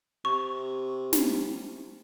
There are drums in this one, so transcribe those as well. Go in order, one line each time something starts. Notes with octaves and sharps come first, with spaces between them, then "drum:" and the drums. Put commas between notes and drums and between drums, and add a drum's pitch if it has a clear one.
C3 C#6
drum: snare